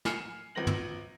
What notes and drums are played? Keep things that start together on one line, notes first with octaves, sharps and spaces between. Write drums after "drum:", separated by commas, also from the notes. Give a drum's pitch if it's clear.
G#5 F6 C7 C#7 E7, drum: snare
G#1 F3 B4 A#6 F#7
drum: tom